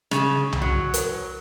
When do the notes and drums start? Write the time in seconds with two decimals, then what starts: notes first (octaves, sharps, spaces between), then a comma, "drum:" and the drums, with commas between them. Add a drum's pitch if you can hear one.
0.11 C#3, drum: rim click
0.52 drum: tom C2
0.62 F#3
0.94 drum: hi-hat